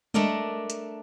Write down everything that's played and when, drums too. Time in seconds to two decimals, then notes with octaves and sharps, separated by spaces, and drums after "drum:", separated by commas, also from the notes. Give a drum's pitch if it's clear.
0.14 A3 D4 A#4 D5 D#5, drum: tom G3
0.70 drum: hi-hat